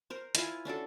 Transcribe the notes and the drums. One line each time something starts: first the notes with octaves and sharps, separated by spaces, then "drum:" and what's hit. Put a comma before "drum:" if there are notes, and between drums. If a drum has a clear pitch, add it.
A#4 C5
E4 F4 F5 G#5, drum: hi-hat
C#4 D4 F#4 A4